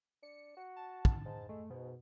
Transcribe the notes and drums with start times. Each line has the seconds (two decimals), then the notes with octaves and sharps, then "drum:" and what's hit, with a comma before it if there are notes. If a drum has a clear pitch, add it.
0.23 D4 C#7
0.57 F#4
0.76 A5
1.05 drum: kick
1.26 G#2
1.49 G#3 A3
1.70 G#2 B2